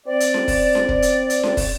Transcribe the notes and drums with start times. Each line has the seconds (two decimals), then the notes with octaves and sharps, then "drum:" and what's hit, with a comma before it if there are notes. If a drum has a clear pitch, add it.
0.07 C4 D5
0.20 drum: hi-hat
0.34 drum: snare C#4
0.48 drum: kick, open hi-hat
0.75 drum: snare C#4
0.89 drum: kick
1.02 drum: hi-hat
1.30 drum: hi-hat
1.43 drum: snare C#4
1.57 drum: kick, open hi-hat